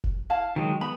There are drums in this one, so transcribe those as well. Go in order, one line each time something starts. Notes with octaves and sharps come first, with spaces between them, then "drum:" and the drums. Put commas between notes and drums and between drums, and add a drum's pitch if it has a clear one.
drum: kick F1
E4 F5 A5
D#3 F#3 G#3 G5
B3 B5